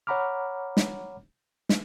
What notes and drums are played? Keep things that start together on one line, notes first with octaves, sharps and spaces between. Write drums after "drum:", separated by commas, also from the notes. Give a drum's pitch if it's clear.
C#5 F#5 A#5 B5 D6 F6
drum: snare
drum: snare